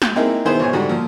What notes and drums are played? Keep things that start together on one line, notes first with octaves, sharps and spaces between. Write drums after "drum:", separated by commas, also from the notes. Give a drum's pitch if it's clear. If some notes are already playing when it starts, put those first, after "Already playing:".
drum: snare
A#3 C4 D#4 E4 G#4 A#4
B2 D#3 B3 E4 G#4 C5
G#1 B2 G#3 C#5 G#5
G#2 D3 G3 F#4
A#2 F3